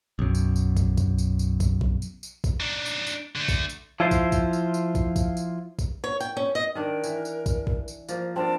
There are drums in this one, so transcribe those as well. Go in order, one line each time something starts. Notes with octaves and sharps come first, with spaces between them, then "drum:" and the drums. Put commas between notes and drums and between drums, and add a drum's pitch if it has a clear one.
B1 F#2
drum: tambourine
drum: tambourine
drum: kick, tambourine
drum: kick, tambourine
drum: tambourine
drum: tambourine
drum: kick, tambourine
drum: kick
drum: tambourine
drum: tambourine
drum: kick, tambourine
D4 D#4
drum: tambourine
drum: tambourine
D3 A3
drum: kick, tambourine
drum: tambourine
F3 E4 F4 C5
drum: kick, tambourine
drum: kick, tambourine
drum: tambourine
drum: tambourine
drum: kick, tambourine
drum: kick, tambourine
drum: tambourine
drum: kick, tambourine
C#5
G5, drum: tambourine
C#4
D#5
D#3 D4 A#4
E3, drum: tambourine
drum: tambourine
drum: kick, tambourine
drum: kick
drum: tambourine
F3 A#3, drum: tambourine
C4 D4 A#4 A5